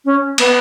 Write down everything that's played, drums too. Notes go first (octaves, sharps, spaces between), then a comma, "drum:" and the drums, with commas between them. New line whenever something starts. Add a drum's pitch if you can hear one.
C#4
B3, drum: cymbal